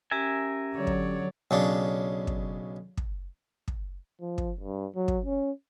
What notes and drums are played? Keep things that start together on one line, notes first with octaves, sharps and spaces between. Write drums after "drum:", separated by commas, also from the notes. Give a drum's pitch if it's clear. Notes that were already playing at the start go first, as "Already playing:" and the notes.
C#4 G4 A#4 E5 G5 G#5
D3 F#3 C#5 D5
drum: kick
B1 C#3 D4
drum: kick
drum: kick
drum: kick
F3
drum: kick
G2
F#3
drum: kick
C#4